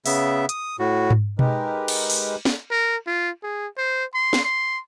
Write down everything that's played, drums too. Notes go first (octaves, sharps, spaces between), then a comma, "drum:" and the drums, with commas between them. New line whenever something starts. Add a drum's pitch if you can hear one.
C#3 B3 E5, drum: open hi-hat
D#6, drum: hi-hat
A2 F#4
drum: tom G#2
G#3 D#4 G4 A#4 B4, drum: tom B2
drum: cymbal
drum: open hi-hat
drum: snare
A#4
F4
G#4
C5
C6
drum: snare
C6